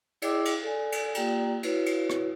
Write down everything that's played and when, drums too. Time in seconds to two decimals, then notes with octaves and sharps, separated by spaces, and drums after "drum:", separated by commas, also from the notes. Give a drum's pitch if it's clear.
0.22 E4 G#4 D#5 G5 D6 E6, drum: cymbal
0.45 drum: cymbal
0.63 A4 D5 G#5
0.92 drum: cymbal
1.15 A#3 F4 G4 D5 G5 A#5, drum: cymbal
1.63 E4 F#4 B4 C#5, drum: cymbal
1.86 drum: cymbal
2.10 drum: rim click